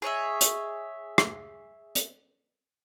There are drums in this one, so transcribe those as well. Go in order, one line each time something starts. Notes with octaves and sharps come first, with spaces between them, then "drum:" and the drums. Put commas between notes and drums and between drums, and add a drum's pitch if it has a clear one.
G#4 C#5 D#5 E5
drum: hi-hat
drum: rim click
drum: hi-hat